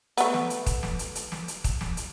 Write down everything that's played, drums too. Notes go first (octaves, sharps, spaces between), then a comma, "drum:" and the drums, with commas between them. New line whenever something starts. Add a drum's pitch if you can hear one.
A3 B3, drum: hi-hat
drum: snare
drum: hi-hat
drum: kick, hi-hat
drum: snare
drum: hi-hat
drum: hi-hat
drum: snare
drum: hi-hat
drum: kick, hi-hat
drum: snare
drum: hi-hat